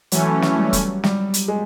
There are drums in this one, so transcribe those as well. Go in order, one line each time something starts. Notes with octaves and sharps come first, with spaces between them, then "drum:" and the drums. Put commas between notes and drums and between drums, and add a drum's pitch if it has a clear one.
E3 F#3 A3 C#4, drum: hi-hat
drum: snare
G3
drum: kick E1, hi-hat
G3, drum: snare
drum: hi-hat
G#3